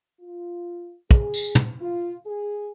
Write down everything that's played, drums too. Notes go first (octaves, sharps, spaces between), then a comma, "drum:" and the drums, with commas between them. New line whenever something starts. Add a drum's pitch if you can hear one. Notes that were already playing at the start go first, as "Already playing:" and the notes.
F4
G#4, drum: kick
drum: tambourine
drum: tom
F4
G#4